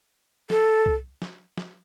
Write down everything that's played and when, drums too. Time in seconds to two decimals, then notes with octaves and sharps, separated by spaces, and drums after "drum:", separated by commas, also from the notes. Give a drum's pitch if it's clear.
0.50 A4, drum: snare
0.86 drum: kick C2
1.22 drum: snare
1.57 drum: snare